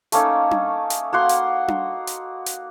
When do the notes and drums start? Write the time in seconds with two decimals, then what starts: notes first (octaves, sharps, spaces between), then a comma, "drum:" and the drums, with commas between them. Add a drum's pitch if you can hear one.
0.12 A3 A#3 C#4 D#4, drum: hi-hat
0.51 drum: tom D4
0.90 drum: hi-hat
1.13 A#3 F#4 F#5 C6
1.29 drum: hi-hat
1.68 drum: tom D4
2.07 drum: hi-hat
2.46 drum: hi-hat